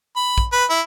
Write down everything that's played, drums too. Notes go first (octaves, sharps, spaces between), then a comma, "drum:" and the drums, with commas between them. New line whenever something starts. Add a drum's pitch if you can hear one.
B5
drum: kick
B4
E4